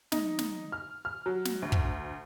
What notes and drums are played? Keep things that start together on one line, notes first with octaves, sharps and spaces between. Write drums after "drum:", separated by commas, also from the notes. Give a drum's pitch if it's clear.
D#4, drum: snare
drum: snare
F6
F6
F#3
drum: snare
D2
drum: kick